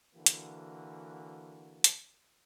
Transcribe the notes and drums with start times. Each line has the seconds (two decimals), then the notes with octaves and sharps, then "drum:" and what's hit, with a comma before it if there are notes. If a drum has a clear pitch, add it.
0.16 D3 E3 A#3 F#4
0.26 drum: hi-hat
1.84 drum: hi-hat